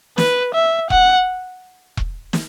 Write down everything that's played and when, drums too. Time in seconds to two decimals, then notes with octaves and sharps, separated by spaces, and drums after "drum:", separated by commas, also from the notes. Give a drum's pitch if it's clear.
0.18 B4, drum: snare
0.54 E5
0.90 F#5, drum: kick E1
1.97 drum: kick E1
2.33 drum: snare